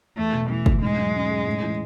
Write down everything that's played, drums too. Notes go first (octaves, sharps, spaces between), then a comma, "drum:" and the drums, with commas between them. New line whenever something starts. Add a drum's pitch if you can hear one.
E2 A3
B2
E3 A3
E2, drum: kick
G#2 G#3
F#3
C#4
G#4
A2
E3